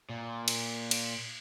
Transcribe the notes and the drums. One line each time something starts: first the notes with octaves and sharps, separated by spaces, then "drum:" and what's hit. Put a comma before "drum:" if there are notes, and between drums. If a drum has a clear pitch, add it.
A#2
drum: cymbal
drum: cymbal